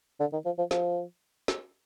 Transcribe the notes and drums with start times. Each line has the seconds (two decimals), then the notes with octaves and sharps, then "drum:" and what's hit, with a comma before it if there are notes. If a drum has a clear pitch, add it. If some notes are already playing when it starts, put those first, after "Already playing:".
0.20 D3
0.33 D#3
0.45 F3
0.58 F3
0.71 F3, drum: snare
1.48 drum: snare